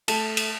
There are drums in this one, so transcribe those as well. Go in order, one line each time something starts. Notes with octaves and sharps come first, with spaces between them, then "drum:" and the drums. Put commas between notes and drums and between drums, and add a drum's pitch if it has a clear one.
A3 A5, drum: cymbal
drum: cymbal